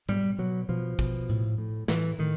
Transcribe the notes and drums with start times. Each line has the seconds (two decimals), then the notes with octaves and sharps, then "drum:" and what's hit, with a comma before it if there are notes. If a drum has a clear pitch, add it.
0.09 B2 G3, drum: tom G#2
0.38 B2 F#3
0.69 B2 F3
0.99 B2, drum: kick
1.29 A2
1.58 A2
1.88 A2 E3, drum: snare
2.19 A2 D#3